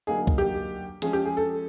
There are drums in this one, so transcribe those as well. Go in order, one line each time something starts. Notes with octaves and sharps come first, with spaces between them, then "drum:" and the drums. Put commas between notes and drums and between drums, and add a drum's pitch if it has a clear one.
D3 F#3 A#3 D#4 G#4
drum: kick C2
G4
F3 G#3 C#4 G#4, drum: hi-hat
G4
G#4
A4